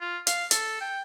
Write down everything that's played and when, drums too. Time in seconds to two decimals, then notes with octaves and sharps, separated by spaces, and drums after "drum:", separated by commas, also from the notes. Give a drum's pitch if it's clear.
0.01 F4
0.27 F5, drum: hi-hat
0.51 A4, drum: hi-hat
0.81 G5